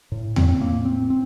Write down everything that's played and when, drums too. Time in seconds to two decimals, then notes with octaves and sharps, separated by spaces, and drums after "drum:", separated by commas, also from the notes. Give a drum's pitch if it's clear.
0.12 A2
0.36 C4, drum: tom E2
0.61 A2 A#3
0.85 C4
1.10 C4